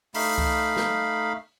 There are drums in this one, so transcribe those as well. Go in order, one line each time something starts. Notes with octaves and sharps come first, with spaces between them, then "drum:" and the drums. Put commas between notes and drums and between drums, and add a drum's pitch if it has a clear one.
A3 D#4 F5 B5, drum: open hi-hat
drum: kick C2
drum: snare